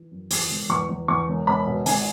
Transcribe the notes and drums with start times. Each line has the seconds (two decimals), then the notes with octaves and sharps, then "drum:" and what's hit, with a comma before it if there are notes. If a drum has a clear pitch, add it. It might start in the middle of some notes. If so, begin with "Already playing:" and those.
Already playing: E3
0.11 F#2
0.31 E2, drum: open hi-hat
0.50 E1
0.70 E2 C#6
0.89 E2
1.08 E2 C#6
1.28 E1
1.47 E1 B5
1.66 B2
1.86 G#1 G#5, drum: open hi-hat